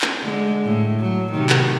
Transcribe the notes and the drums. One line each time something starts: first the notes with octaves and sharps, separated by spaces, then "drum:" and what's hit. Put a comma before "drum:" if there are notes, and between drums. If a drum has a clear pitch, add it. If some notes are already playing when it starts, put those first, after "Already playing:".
drum: clap
D3 G#3
A2
F#3
C3 D#3
drum: clap